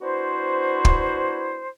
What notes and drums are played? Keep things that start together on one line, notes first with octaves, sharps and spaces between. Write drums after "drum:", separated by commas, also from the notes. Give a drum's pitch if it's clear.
B3 D4 E4 F#4 C5
drum: kick